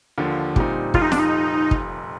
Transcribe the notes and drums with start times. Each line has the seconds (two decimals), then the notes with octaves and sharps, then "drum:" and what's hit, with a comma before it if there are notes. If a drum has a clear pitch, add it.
0.18 D#2 D3 F3
0.56 A#2 G3 C4 D#4, drum: kick
0.94 F1 F2 C3 F3 F4, drum: kick
1.02 D#4
1.12 D4, drum: snare
1.19 D#4
1.71 drum: kick